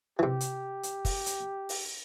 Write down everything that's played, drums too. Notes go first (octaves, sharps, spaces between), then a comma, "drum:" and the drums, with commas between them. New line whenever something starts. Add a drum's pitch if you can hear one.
C3 E3 G4
drum: hi-hat
drum: hi-hat
drum: kick, open hi-hat
drum: hi-hat
drum: open hi-hat